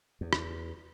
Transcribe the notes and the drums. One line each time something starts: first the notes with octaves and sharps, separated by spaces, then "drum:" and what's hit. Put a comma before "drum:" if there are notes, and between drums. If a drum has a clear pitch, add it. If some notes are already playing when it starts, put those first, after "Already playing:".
E2
drum: rim click